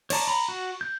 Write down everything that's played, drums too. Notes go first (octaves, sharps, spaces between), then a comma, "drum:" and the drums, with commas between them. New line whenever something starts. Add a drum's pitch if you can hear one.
C#5 D5 A5 A#5, drum: cymbal
A#5 B5
F#4
G6